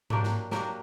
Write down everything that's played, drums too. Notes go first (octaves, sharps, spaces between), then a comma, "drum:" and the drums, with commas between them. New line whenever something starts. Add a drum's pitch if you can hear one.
F#3 A#3 D4 G4, drum: tom G#2
drum: snare
F#3 A#3 D4 G4, drum: snare